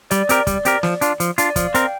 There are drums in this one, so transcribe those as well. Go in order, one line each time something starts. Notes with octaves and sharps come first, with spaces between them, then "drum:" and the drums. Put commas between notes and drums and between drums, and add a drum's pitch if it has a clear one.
G3 D5, drum: hi-hat
C4 G4 A#4, drum: hi-hat
G3, drum: kick, hi-hat
C4 G4 A#4, drum: hi-hat
F3, drum: snare
D4 F4, drum: hi-hat
F3, drum: hi-hat
D4 F4, drum: hi-hat
D5
F3 F5, drum: kick, hi-hat
C4 A#4 G5, drum: hi-hat